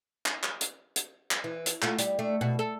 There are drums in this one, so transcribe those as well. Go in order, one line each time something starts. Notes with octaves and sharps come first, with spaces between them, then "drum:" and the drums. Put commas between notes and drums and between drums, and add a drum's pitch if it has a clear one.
drum: clap
drum: clap
drum: hi-hat
drum: hi-hat
drum: clap
E3
drum: hi-hat
A3 F4 F#4, drum: clap
G3, drum: hi-hat
A3 D4
B2 F#4
A4